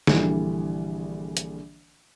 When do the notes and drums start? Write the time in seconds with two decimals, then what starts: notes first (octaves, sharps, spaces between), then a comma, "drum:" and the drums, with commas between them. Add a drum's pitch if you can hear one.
0.07 A#1 D3 E3 G3, drum: snare
1.37 drum: hi-hat